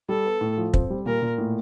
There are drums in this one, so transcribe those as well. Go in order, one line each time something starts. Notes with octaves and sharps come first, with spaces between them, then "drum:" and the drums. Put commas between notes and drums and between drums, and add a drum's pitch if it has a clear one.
G3 A4
B3
A2
F3
C4, drum: kick
G3
A#2 A#4
A#2
A2